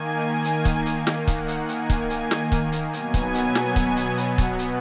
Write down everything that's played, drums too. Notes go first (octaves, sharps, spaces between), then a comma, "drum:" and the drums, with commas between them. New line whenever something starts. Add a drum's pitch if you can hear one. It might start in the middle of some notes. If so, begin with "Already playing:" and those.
Already playing: D#3 A#3 G#5
drum: hi-hat
drum: kick, hi-hat
drum: hi-hat
drum: snare
F#5, drum: kick, hi-hat
drum: hi-hat
G#5, drum: hi-hat
drum: kick, hi-hat
G#5, drum: hi-hat
drum: snare
drum: kick, hi-hat
drum: hi-hat
B2 F#3 B3 G#5, drum: hi-hat
drum: kick, hi-hat
drum: hi-hat
drum: snare
drum: kick, hi-hat
drum: hi-hat
drum: hi-hat
drum: kick, hi-hat
drum: hi-hat